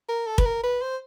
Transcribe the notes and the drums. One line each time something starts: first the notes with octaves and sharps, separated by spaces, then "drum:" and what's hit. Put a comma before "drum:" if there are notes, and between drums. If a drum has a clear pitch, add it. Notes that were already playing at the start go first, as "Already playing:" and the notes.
A#4
A4
B4, drum: kick
A#4
B4
C5